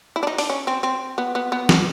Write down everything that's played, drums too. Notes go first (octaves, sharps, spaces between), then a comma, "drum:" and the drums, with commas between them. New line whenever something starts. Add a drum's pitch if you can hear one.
E4
D4
D#4
D4, drum: open hi-hat
C#4
C4
C4
B3
B3
B3
drum: snare